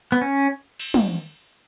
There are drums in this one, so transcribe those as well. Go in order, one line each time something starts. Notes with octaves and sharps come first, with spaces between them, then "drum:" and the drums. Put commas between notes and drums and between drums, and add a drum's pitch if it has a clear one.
B3
C#4
drum: cymbal
drum: tom